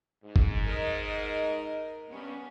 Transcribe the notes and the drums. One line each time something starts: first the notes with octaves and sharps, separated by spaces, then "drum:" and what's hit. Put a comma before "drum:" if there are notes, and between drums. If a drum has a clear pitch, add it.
G#2
drum: kick G1
A#4 D#5
G2 B3 C#4